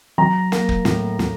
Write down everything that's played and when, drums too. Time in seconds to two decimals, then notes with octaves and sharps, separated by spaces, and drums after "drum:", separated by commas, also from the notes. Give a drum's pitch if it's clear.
0.18 F#3 A#5
0.52 A#3, drum: snare
0.69 drum: kick
0.85 A2, drum: snare
1.19 A2, drum: snare